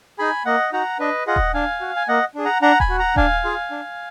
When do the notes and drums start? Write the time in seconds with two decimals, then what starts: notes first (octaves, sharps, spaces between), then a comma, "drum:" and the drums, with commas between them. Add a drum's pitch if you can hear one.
0.18 D#4 G#4 G#5 B5
0.45 A#3 D#5 F#5
0.72 D#4 F#4 F#5 A#5
0.99 D4 B4 D#5
1.27 F4 G#4 D#5 F#5
1.36 drum: kick D#1
1.54 D4 F5 G#5
1.81 F#4
1.96 G#5
2.08 A#3 D#5 F#5
2.35 D4 G#4
2.45 F#5 A#5
2.62 D4 F#5 A#5
2.80 G#5 B5, drum: kick D#1
2.89 F#4
2.99 F#5 A#5
3.16 D4 F5 G#5, drum: kick D#1
3.44 F4 G#4
3.71 D4